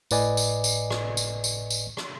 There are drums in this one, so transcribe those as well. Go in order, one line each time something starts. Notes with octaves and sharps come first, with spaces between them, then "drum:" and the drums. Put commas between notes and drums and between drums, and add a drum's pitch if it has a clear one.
G1 A2 B4 D5 D#5 G#5, drum: tambourine
drum: tambourine
drum: tambourine
drum: rim click
drum: tambourine
drum: tambourine
drum: tambourine
drum: rim click